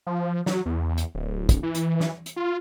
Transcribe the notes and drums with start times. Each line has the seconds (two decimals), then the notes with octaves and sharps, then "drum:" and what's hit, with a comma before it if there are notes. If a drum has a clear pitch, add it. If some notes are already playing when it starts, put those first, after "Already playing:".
0.07 F3
0.46 F#3, drum: snare
0.66 E2
0.98 drum: hi-hat
1.15 D1
1.49 drum: kick, hi-hat
1.63 E3
1.75 drum: hi-hat
2.00 drum: snare
2.26 drum: hi-hat
2.36 F4